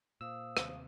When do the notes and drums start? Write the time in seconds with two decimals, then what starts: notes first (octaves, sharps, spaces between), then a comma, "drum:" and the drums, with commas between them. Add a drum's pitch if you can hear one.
0.21 A#2 C5 F5 D#6 E6
0.57 D#2 C3, drum: rim click